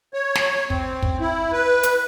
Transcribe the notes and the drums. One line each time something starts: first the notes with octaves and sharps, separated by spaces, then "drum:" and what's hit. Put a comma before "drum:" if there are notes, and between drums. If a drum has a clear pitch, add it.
C#5
drum: snare
C4, drum: kick
drum: kick
E4
B4
drum: hi-hat